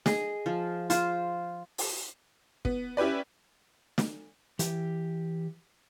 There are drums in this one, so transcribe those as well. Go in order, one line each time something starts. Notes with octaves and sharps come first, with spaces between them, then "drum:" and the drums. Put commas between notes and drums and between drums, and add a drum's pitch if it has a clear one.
G#4 D#5, drum: snare
F3
F4 C5, drum: hi-hat
drum: open hi-hat
B3, drum: kick
C#4 E4 G4 B4 D5
drum: snare
E3 G4, drum: hi-hat